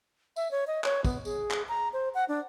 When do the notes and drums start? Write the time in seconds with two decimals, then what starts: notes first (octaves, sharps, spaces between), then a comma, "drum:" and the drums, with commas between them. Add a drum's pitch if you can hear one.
0.36 E5, drum: tambourine
0.51 C#5
0.67 D#5
0.84 C#5, drum: clap
1.05 B3, drum: kick, tambourine
1.25 G#4, drum: tambourine
1.51 drum: clap
1.69 A#5
1.93 C5
2.14 F#5
2.29 D4